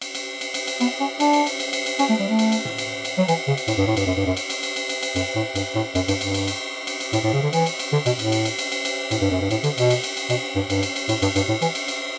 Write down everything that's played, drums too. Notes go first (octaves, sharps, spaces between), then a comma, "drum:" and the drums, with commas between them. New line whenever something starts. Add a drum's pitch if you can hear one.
drum: cymbal
drum: cymbal
drum: cymbal
drum: cymbal
drum: cymbal
B3, drum: cymbal
C#4
D4, drum: cymbal
drum: cymbal
drum: cymbal
drum: cymbal
drum: cymbal
drum: cymbal
C#4, drum: cymbal
A3
G3
A3
drum: cymbal
drum: cymbal
drum: tom A2
drum: cymbal
drum: cymbal
F#3
E3, drum: cymbal
C#3
drum: cymbal
A2, drum: cymbal
G2
A2
G2, drum: cymbal
F#2
G2
F#2
drum: cymbal
drum: cymbal
drum: cymbal
drum: cymbal
drum: cymbal
drum: cymbal
F#2, drum: cymbal
A2
G2, drum: cymbal
A2
F#2, drum: cymbal
G2, drum: cymbal
G2, drum: cymbal
drum: cymbal
drum: cymbal
drum: cymbal
drum: cymbal
A2, drum: cymbal
A2
C#3
D3
E3, drum: cymbal
drum: cymbal
drum: cymbal
D3
B2, drum: cymbal
A2, drum: cymbal
drum: cymbal
drum: cymbal
drum: cymbal
drum: cymbal
drum: cymbal
A2, drum: cymbal
G2
F#2
G2
A2, drum: cymbal
D3, drum: cymbal
B2, drum: cymbal
drum: cymbal
drum: cymbal
drum: cymbal
B2, drum: cymbal
G2
G2, drum: cymbal
drum: cymbal
drum: cymbal
A2, drum: cymbal
G2, drum: cymbal
G2, drum: cymbal
A2
E3, drum: cymbal
drum: cymbal
drum: cymbal